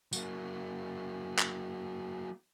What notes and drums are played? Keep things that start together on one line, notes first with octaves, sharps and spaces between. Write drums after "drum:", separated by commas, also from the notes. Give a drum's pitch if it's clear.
F#3 A#3, drum: tambourine
drum: clap